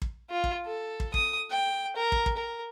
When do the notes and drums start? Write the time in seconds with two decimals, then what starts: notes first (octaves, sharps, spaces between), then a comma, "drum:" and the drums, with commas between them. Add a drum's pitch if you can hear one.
0.02 drum: kick
0.30 F4
0.44 drum: kick
0.65 A4
1.00 drum: kick
1.14 D#6, drum: kick
1.50 G5
1.96 A#4
2.12 drum: kick
2.26 drum: kick
2.37 A#4